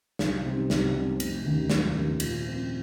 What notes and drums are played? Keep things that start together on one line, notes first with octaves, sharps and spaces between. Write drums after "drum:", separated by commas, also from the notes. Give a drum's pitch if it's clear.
C2, drum: snare
C3 G3 C4 D#4
C2, drum: snare
C3 G3 C4 D#4
F1, drum: cymbal
D#2 D#3 A#3
F1, drum: snare
D#2 D#3 A#3
A#2, drum: cymbal
F3 C4